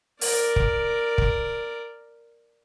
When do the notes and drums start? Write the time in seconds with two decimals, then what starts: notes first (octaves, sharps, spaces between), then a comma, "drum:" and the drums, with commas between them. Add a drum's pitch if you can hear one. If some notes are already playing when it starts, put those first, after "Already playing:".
0.21 A#4 D5, drum: open hi-hat
0.56 drum: kick
1.18 drum: kick